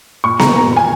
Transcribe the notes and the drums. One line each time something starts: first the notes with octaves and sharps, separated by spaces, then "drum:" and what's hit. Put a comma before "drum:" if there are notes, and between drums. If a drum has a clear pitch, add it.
A#2 C#6
A#5, drum: snare B3
A#3
A#5
A#2
G#5